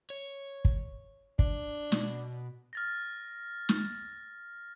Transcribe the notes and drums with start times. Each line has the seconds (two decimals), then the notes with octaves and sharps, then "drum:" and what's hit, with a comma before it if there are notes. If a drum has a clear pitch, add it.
0.10 C#5
0.65 drum: kick
1.39 D4, drum: kick
1.92 B2, drum: snare
2.73 F6 A6 A#6
3.69 drum: snare